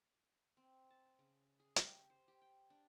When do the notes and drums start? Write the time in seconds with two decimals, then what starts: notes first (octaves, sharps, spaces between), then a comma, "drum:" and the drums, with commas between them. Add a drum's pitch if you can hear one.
0.57 C4
0.91 A5
1.19 C#3
1.60 G#4
1.76 G4, drum: hi-hat
2.10 C5
2.28 G4
2.41 G5
2.70 D4